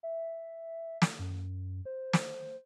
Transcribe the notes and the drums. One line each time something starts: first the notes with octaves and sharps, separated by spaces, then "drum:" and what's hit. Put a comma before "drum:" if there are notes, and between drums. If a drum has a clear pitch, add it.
E5
drum: snare
F#2
C5
drum: snare